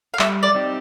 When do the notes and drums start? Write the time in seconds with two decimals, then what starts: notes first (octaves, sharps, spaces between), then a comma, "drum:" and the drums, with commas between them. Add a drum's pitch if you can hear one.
0.14 F5
0.19 G3 E5, drum: clap
0.43 D5
0.55 C4 D#4 G4